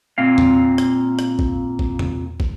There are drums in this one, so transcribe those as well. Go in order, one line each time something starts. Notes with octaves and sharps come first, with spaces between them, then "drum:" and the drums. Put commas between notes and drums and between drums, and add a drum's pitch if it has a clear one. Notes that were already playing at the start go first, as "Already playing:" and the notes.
A#2 C4 F5
drum: tom E2
drum: rim click
drum: rim click
drum: kick
drum: kick
drum: tom E2
drum: kick